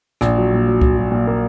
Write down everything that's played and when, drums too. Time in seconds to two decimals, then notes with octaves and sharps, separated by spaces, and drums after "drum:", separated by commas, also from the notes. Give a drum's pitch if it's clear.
0.21 A#1, drum: rim click
0.37 F#3
0.52 A#2
0.67 F#3
0.81 F#3, drum: kick C#2
0.97 F#3
1.12 A#2
1.27 A#3